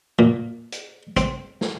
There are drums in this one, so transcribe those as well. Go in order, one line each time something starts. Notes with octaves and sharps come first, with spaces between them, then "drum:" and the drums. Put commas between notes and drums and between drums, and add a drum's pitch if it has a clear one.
A#2
drum: hi-hat
C4, drum: kick, hi-hat
drum: snare